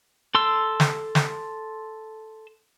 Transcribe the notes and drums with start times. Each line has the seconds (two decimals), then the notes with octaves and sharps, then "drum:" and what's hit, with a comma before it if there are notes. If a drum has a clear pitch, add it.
0.35 A4 C6 E6
0.80 drum: snare
1.15 drum: snare